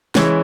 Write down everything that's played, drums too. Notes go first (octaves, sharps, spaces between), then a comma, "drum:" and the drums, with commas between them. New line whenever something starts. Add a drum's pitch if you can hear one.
E3 G#3 C#4 E4, drum: snare